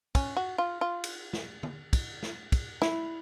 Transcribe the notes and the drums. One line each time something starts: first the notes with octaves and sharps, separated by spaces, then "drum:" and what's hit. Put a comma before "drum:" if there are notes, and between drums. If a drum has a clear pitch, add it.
C#4, drum: kick, cymbal
F#4
F4
F4
drum: cymbal
drum: snare
drum: tom D3
drum: kick, cymbal
drum: snare
drum: kick, cymbal
E4, drum: snare